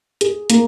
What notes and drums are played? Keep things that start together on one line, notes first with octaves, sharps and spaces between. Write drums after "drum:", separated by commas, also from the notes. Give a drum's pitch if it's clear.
G#4, drum: hi-hat
A#3, drum: hi-hat